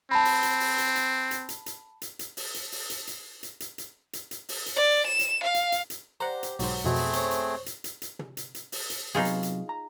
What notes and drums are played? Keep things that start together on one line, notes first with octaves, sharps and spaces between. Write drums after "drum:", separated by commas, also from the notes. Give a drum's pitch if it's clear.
C4 A5 B5
drum: open hi-hat
drum: hi-hat
drum: open hi-hat
drum: hi-hat
drum: hi-hat
drum: hi-hat
drum: hi-hat
drum: hi-hat
drum: hi-hat
drum: hi-hat
drum: open hi-hat
drum: hi-hat
drum: open hi-hat
drum: hi-hat
drum: hi-hat
drum: hi-hat
drum: hi-hat
drum: hi-hat
drum: hi-hat
drum: hi-hat
drum: open hi-hat
drum: hi-hat
D5
E7
drum: hi-hat
F5
drum: hi-hat
drum: hi-hat
drum: hi-hat
G4 C5 D5 F#5 A#5
drum: hi-hat
B1 G#2 F#3 C5, drum: open hi-hat
F2 B2 A3 C4 G#4
drum: open hi-hat
C5 C#5, drum: hi-hat
drum: hi-hat
drum: hi-hat
drum: hi-hat
drum: hi-hat
drum: tom
drum: hi-hat
drum: hi-hat
drum: open hi-hat
drum: hi-hat
C3 F#3 B3 D#4 F4 G#4
drum: hi-hat
drum: hi-hat
A#5